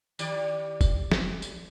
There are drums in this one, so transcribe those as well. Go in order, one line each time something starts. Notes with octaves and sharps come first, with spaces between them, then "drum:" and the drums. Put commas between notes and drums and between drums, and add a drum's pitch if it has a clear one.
D#3 G4 D5, drum: tambourine
drum: kick, tambourine
drum: snare
drum: tambourine